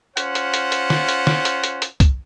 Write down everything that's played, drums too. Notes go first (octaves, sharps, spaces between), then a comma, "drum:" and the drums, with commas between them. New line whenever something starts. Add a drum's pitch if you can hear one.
C#4 F4 C5 F#5, drum: hi-hat
drum: hi-hat
drum: hi-hat
drum: hi-hat
drum: snare
drum: hi-hat
drum: snare
drum: hi-hat
drum: hi-hat
drum: hi-hat
drum: kick, hi-hat